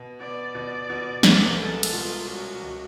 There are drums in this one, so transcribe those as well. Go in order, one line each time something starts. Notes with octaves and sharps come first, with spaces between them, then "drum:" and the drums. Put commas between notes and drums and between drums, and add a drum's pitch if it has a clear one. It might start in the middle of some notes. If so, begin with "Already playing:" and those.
Already playing: B2
B3 D5
B2 D5
B2
C2 D5, drum: snare
G#3 A4
drum: cymbal
B2 F4
C#4 F#4
C#2